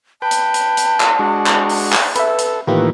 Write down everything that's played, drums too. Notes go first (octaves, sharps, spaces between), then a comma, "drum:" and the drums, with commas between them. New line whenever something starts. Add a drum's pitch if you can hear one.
B4 G5 A5
drum: hi-hat
drum: hi-hat
drum: hi-hat
drum: clap
G#3 D4 F#4
drum: clap
drum: open hi-hat
drum: clap
A4 B4 E5, drum: hi-hat
drum: hi-hat
A2 D#3 E3 A#3 F4 G4 B4